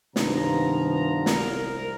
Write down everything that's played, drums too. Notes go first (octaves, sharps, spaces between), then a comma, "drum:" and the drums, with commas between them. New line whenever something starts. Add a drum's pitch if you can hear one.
G2 C3 D#3 F3 B3 A#5, drum: snare
C2 A#4, drum: snare